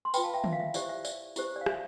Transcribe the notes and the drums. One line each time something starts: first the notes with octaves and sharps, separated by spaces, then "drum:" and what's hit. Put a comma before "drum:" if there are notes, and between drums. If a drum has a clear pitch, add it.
C6
F4 B4 G5 B5, drum: tambourine
F5 A5
E5 G5
E5, drum: tom
F5
E5
E4 G4 C5 D5, drum: tambourine
E5
D5, drum: tambourine
E4 G4 C5, drum: tambourine
D5
F5
E5, drum: rim click